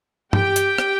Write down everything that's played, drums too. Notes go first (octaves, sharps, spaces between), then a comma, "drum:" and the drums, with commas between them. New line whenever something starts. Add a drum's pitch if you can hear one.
G4 G5, drum: tom G2
drum: hi-hat
drum: rim click